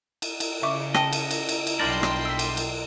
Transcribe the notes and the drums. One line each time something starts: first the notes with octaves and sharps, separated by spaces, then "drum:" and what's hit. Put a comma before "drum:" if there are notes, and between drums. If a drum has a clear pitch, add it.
drum: cymbal
drum: cymbal
C#3 E5 C#6 D6
D#5 G5 A5, drum: rim click
drum: cymbal
drum: cymbal
drum: cymbal
drum: cymbal
B1 G3 D4 A#4 G5 C6 A6
drum: rim click
E6 B6
drum: cymbal
drum: cymbal